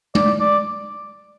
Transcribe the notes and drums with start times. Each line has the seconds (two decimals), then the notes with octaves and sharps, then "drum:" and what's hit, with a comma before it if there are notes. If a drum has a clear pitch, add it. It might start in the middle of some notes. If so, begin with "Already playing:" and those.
0.15 D5, drum: tom G#3
0.40 D5